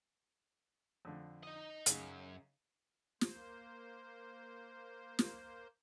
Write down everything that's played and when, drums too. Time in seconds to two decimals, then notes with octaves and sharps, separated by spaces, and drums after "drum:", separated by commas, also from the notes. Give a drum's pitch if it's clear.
1.05 F2 D3
1.43 D#4 D#5
1.86 F#2 C#3 D#4, drum: hi-hat
3.21 A#3 C5, drum: snare
5.19 drum: snare